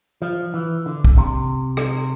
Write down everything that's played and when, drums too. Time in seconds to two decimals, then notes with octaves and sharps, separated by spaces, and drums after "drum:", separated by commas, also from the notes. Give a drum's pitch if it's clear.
0.22 F3
0.54 E3
0.86 D3
1.04 drum: kick
1.18 C3
1.77 drum: rim click